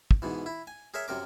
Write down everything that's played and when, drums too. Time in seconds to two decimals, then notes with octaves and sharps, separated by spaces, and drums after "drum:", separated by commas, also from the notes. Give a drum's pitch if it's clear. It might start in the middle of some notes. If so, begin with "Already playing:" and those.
0.11 drum: kick
0.22 G#2 B2 E3
0.46 E4
0.67 G#5
0.94 G#4 A#4 C#5 E5
1.08 F#2 C3 A#4 D6